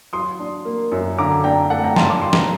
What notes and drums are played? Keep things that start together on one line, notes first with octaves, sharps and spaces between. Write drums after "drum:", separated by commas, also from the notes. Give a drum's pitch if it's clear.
F#3 C6 D#6
D4
A#3
F#2
D3 A#5 D6
D4 G5 A#5
A3 F#5 A5
G5 A#5
G2 A5 C6, drum: snare
D6
F#3 C6
A#5, drum: snare